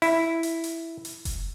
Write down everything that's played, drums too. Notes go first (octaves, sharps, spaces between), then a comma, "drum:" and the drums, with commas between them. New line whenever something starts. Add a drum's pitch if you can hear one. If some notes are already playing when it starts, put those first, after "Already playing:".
E4, drum: open hi-hat
drum: hi-hat
drum: hi-hat
drum: hi-hat
drum: kick F1, hi-hat